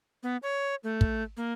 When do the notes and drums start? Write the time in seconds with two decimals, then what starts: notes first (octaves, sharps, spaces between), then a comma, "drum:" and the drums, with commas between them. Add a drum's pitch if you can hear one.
0.23 B3
0.43 C#5
0.84 A3
1.01 drum: kick
1.37 A#3